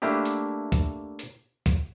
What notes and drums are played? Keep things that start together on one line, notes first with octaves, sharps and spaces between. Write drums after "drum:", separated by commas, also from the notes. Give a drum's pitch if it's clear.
A3 A#3 D4 E4 G4
drum: hi-hat
drum: kick, hi-hat
drum: hi-hat
drum: kick, hi-hat